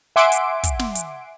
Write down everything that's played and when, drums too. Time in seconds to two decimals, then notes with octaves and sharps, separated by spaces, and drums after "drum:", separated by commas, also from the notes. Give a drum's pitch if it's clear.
0.16 E5 F#5 G#5 C6 D6 D7
0.32 drum: hi-hat
0.63 drum: kick, hi-hat
0.79 drum: snare
0.95 drum: hi-hat